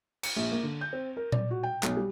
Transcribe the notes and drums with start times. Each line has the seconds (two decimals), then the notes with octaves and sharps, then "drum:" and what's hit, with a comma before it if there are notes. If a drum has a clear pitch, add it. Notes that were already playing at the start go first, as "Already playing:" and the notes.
0.23 C#7, drum: cymbal
0.36 A#1
0.51 A#3
0.63 D3
0.81 G6
0.93 C4
1.17 A#4
1.32 D5, drum: tom A#2
1.51 F#4
1.63 G5
1.83 B1, drum: clap
1.97 G3